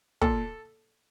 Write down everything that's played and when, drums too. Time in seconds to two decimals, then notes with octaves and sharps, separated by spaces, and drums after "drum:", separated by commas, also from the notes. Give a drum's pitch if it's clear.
0.21 A#2 A4, drum: kick